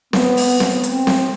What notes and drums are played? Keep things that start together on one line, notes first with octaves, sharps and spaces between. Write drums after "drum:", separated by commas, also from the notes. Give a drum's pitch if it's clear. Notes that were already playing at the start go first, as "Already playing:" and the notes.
B3, drum: snare C4
drum: open hi-hat
drum: snare C4
C4, drum: hi-hat
drum: snare C4